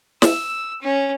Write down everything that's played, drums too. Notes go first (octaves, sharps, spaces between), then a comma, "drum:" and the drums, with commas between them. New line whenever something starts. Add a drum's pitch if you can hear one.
E6, drum: snare
C#4